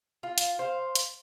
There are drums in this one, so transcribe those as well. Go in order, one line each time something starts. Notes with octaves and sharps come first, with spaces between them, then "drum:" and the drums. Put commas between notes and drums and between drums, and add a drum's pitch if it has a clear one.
F4
drum: hi-hat
C5 F5
drum: hi-hat